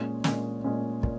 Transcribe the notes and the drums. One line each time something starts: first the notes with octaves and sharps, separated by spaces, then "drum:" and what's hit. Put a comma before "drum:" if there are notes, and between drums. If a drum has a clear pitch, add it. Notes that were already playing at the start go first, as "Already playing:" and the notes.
Already playing: A#2 G#3 C#4
A#2 G#3 C#4, drum: snare
A#2 G#3 C#4
A#2, drum: kick